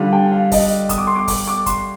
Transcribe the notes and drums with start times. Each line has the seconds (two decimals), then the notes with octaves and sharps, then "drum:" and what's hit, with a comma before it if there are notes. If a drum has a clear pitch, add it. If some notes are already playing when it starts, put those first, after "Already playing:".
Already playing: D3 G3 D4 F4
0.13 G5
0.32 F5
0.52 D#5, drum: kick, open hi-hat
0.89 D#6, drum: kick, hi-hat
0.98 D6
1.07 C6
1.16 D6
1.28 D6, drum: kick, open hi-hat
1.47 D6
1.66 C6, drum: kick, hi-hat